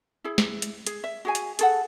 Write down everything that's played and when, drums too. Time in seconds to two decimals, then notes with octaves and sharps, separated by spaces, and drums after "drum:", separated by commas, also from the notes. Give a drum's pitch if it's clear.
0.24 E4 G#4
0.38 drum: snare
0.62 drum: hi-hat
0.87 G#4, drum: hi-hat
1.04 E5
1.25 F#4 G#4 G#5
1.35 drum: hi-hat
1.59 G#4 A4 F#5, drum: hi-hat